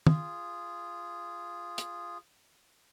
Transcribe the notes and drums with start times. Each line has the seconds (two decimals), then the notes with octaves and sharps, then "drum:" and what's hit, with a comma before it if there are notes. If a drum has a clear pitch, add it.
0.07 F4 G#4, drum: tom
1.78 drum: hi-hat